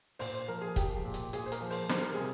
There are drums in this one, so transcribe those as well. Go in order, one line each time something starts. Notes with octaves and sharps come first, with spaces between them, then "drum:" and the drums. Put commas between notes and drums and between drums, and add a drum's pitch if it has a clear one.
A#2 C5, drum: open hi-hat
C5
F3 A#4
G#4
F3 G4, drum: kick, hi-hat
A#2
drum: hi-hat
A#2 G#4, drum: hi-hat
C5
A#4, drum: hi-hat
F3
C5, drum: open hi-hat
G3 C5, drum: snare
A#4
C3 G#4